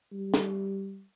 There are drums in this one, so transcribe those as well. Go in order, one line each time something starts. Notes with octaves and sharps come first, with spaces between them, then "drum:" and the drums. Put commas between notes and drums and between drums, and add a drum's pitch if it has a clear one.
G3
drum: snare